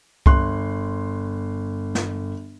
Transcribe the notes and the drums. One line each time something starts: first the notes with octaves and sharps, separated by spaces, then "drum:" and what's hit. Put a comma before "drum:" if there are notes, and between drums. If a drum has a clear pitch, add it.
G1 C6 F#6, drum: kick C2
drum: snare